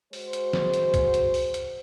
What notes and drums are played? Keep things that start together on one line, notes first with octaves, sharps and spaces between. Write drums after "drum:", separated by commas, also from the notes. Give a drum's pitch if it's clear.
G#3 F#4 C5, drum: open hi-hat
drum: hi-hat
drum: snare
drum: hi-hat
drum: kick, hi-hat
drum: hi-hat
drum: open hi-hat
drum: hi-hat